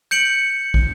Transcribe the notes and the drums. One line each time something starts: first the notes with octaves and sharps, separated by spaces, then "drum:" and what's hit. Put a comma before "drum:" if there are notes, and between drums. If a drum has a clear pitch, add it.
G6 C#7 D7 F#7
drum: kick